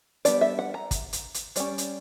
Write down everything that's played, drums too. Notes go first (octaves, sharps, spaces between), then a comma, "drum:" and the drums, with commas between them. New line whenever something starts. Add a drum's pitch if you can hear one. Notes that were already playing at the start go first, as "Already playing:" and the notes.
G3 B3 D4 D5, drum: hi-hat
E5
F#5
A#5
drum: kick, hi-hat
drum: hi-hat
drum: hi-hat
G3 C#4 D5, drum: hi-hat
drum: hi-hat